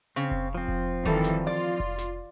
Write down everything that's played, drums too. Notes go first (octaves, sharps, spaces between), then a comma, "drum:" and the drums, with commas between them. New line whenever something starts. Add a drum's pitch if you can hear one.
C#3 C4
drum: kick F1
F3 C4
drum: kick F1
D#3 E3 G3 A4, drum: kick F1
drum: snare
F4 D5
drum: kick F1
drum: snare